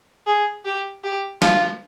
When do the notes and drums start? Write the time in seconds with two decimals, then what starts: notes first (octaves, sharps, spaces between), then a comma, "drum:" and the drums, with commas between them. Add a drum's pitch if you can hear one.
0.27 G#4
0.65 G4
1.04 G4
1.42 F4, drum: snare